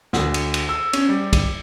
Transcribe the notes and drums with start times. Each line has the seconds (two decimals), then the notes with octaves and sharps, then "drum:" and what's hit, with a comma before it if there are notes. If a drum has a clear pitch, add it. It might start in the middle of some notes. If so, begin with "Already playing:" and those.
0.13 D2, drum: snare
0.34 drum: cymbal
0.54 drum: cymbal
0.69 E6
0.93 C#4, drum: cymbal
1.09 G3
1.33 drum: kick, cymbal